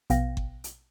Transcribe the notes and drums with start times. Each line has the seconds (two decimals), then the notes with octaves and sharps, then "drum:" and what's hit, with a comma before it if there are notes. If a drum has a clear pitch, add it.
0.10 A#1 B2 B3 F5 G5 A#6, drum: hi-hat
0.37 drum: kick G1
0.64 drum: hi-hat